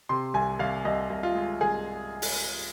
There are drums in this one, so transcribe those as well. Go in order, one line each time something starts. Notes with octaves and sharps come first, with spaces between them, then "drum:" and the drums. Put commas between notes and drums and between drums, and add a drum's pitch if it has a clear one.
C3 C6
C2 G#5
C2 F5
C2 D#5
C2
F4
G#3
C2 G#4
drum: open hi-hat